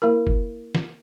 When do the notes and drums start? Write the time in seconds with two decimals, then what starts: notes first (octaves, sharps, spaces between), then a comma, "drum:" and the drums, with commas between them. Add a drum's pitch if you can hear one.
0.02 A#3 E4 A#4
0.27 drum: kick
0.75 drum: snare